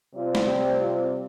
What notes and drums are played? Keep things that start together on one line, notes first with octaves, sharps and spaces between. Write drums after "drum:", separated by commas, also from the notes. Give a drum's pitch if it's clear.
C3 G3 C4 F4
drum: snare
G4
F4